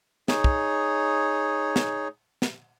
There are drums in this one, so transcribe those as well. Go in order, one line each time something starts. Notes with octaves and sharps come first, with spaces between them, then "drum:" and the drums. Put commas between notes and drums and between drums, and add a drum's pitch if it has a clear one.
D#4 G#4 C#5, drum: snare
drum: kick
drum: snare
drum: snare